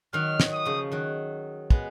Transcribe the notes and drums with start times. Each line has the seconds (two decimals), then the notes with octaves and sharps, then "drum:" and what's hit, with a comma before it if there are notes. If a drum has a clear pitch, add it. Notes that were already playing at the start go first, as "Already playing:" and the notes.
0.13 D#3 F#3 F6
0.40 D#3, drum: snare
0.53 D#6
0.65 C#3 F3
0.92 D#3 F#3
1.70 G#3 B3, drum: kick